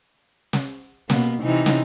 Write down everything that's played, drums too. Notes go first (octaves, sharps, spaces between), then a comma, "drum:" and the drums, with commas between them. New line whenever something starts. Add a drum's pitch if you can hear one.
drum: snare
B2 A#3 B3, drum: snare
C3 E3 D#4
drum: snare